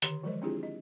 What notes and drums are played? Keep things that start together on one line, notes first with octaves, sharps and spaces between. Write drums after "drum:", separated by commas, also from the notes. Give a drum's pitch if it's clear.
D3 D#3 G4 C#5 C6, drum: hi-hat
F3 F#3 G#3 A#4 C5 D#5
C4 D4 E4 F4 G4 G#4
D#5